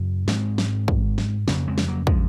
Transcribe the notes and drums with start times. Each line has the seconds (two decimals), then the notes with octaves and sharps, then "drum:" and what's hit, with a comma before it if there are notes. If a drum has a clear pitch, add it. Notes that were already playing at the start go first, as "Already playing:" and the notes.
Already playing: F#2 C#3
0.28 G#2 G#3 C4, drum: snare
0.58 drum: snare
0.88 drum: kick
1.18 drum: snare
1.48 F2 C#3 A#3 C#4, drum: snare
1.68 G#3 C4
1.78 drum: snare
1.88 F#3 A#3
2.07 F3 G#3, drum: kick